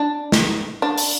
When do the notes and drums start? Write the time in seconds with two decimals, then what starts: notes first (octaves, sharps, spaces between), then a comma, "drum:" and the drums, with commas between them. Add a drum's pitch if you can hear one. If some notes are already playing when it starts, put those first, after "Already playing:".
Already playing: D4
0.32 drum: snare
0.82 D4
0.98 drum: open hi-hat